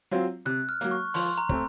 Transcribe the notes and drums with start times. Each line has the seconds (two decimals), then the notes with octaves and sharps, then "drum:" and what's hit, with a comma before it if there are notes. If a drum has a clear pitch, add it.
0.11 F#3 C4 F4
0.46 C3 F#6
0.69 F6
0.81 F#3 A#3, drum: hi-hat
0.91 C#6
1.14 F3 C6, drum: open hi-hat
1.38 A#5
1.49 A3 C4, drum: kick